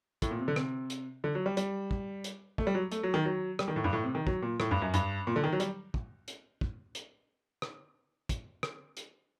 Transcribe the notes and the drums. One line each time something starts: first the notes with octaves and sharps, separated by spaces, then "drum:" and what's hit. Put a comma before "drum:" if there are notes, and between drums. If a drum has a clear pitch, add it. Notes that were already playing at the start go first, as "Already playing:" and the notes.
A2, drum: kick, hi-hat
A#2
C3
D3
C3, drum: rim click
drum: hi-hat
D3
F#3
G3
G3, drum: hi-hat
drum: kick
drum: hi-hat
A3, drum: kick
G3
F#3
A3, drum: hi-hat
F#3
D#3
F#3
G3, drum: rim click
D#3
A2
G2
A2
C3
D#3
F#3, drum: kick
A#2
A2, drum: rim click
G2
F#2
G2, drum: hi-hat
A#2
D3
D#3
F#3
G3, drum: hi-hat
drum: kick
drum: hi-hat
drum: kick
drum: hi-hat
drum: rim click
drum: kick, hi-hat
drum: rim click
drum: hi-hat